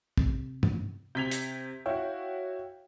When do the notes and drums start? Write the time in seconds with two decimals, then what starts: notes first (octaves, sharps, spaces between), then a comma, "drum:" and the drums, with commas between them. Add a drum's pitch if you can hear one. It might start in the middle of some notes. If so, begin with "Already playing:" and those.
0.17 C3, drum: kick
0.63 drum: tom G2
1.15 C3 G6 G#6 B6 F7
1.31 drum: hi-hat
1.86 E4 F#4 C#5 F5 G5